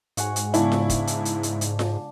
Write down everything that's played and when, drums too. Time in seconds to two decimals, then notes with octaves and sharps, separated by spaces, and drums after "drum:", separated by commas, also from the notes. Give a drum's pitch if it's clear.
0.17 G#2 F#4 F#5 G#5, drum: hi-hat
0.36 drum: hi-hat
0.54 C#3 G#3 B3 D4 E4 F5 C#6, drum: hi-hat
0.72 drum: snare F4
0.90 drum: kick F1, hi-hat
1.07 drum: hi-hat
1.25 drum: hi-hat
1.43 drum: hi-hat
1.61 drum: hi-hat
1.79 drum: snare F4